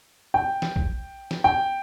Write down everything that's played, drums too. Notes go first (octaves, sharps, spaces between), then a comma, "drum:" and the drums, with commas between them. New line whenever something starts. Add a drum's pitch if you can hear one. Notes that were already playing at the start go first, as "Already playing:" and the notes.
G5
drum: snare
drum: kick A#1
drum: snare
G5